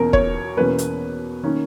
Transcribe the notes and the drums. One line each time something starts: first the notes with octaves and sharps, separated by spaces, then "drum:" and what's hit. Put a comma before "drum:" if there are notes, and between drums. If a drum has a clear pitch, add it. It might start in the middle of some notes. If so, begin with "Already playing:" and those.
Already playing: E2 B2 A#3 C#4 A#4
C#5, drum: kick
E2 B2 A#3 C#4 B4
drum: hi-hat
D#3 A#3 C#4